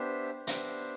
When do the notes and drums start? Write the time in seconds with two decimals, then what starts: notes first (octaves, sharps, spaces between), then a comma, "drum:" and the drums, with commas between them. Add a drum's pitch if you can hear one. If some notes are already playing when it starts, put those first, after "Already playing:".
Already playing: B3 D4 G4 C5 E5
0.47 B3 D4 G4 C5 E5, drum: hi-hat